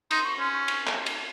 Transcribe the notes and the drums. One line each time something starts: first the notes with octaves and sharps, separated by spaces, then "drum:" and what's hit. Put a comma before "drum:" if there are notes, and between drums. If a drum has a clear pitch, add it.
D#4 C6, drum: cymbal
C#6
C#4 C6
C#6
drum: cymbal
drum: clap
drum: cymbal